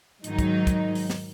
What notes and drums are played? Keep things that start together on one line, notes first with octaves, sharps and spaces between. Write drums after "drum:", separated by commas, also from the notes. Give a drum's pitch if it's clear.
G#2 D#3 F#3 D#4, drum: hi-hat
drum: kick, hi-hat
drum: kick, hi-hat
drum: open hi-hat
drum: snare